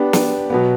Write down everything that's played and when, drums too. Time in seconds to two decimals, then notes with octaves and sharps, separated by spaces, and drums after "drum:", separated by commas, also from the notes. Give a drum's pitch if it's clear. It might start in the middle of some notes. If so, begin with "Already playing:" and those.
Already playing: B3 D4 G4
0.13 drum: snare
0.50 B2 F#3 B3